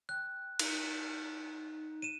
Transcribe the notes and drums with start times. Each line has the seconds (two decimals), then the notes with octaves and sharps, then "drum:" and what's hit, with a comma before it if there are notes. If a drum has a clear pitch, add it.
0.09 G5 F#6
0.59 D#4, drum: cymbal
2.02 D#7 E7